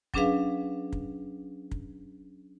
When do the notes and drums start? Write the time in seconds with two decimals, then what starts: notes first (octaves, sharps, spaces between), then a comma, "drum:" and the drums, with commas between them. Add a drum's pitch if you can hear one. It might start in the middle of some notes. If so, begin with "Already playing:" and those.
0.14 F#3 C#4 D4 G#4 B4 F5, drum: kick
0.93 drum: kick
1.71 drum: kick